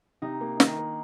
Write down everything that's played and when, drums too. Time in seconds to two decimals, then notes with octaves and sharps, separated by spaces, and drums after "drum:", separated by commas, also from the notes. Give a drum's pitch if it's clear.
0.22 C3 D#4
0.41 A#3
0.60 D#3 D#4, drum: snare
0.78 A#3